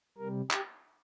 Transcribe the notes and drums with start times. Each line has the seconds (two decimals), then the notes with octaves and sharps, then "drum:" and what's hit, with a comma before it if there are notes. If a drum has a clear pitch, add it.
0.18 C3 G3 A#4
0.51 G4, drum: clap